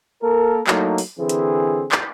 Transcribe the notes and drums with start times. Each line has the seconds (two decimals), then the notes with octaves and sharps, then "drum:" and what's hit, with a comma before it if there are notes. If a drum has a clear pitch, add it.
0.22 A#3 A4 A#4
0.67 F#3 A3 A#3 D#4 E4, drum: clap
0.98 drum: open hi-hat
1.19 D3 E3 C4 G#4
1.29 drum: hi-hat
1.92 drum: clap